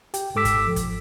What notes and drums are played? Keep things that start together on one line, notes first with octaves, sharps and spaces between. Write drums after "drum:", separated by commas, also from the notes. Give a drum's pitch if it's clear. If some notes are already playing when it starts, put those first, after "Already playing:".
G4 G5, drum: hi-hat
G#2 G#3 A4 D6 E6 B6
drum: kick, hi-hat
F3
drum: kick, hi-hat